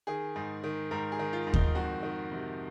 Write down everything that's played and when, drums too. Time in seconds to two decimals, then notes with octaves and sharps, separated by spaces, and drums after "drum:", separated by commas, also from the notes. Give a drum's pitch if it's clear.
0.07 D#3 G#4
0.36 G#2
0.64 D#3
0.91 G#2 A#4
1.12 G#4
1.19 D#3
1.33 F4
1.47 G#2
1.54 D#4, drum: kick D#2
1.75 F2 F#4
2.03 D#3
2.32 C3